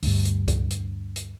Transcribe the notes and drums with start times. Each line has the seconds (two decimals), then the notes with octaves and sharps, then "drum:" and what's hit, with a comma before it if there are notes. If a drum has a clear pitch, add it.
0.02 D2 G2, drum: open hi-hat
0.25 drum: hi-hat
0.48 drum: kick C#2, hi-hat
0.70 drum: hi-hat
1.16 drum: hi-hat